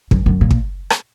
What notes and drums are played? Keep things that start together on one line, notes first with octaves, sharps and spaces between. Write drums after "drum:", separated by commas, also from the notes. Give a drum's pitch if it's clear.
F#2, drum: kick
F#2
A#2
drum: kick
drum: rim click